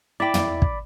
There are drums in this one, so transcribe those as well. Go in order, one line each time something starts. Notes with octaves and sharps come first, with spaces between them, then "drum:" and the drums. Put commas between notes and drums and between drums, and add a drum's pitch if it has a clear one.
E4 D5 G5 B5 D6
drum: tom
drum: kick